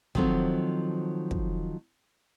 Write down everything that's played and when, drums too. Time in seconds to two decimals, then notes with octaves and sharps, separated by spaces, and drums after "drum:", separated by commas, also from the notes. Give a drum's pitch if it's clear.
0.15 D#3 F3 F#3 C4 A4, drum: kick
1.31 drum: kick